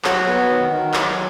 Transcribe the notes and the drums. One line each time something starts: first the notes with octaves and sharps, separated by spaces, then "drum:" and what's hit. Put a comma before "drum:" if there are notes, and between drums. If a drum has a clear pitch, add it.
F#3 F#4, drum: clap
B3
D#3
D#3
F#3, drum: clap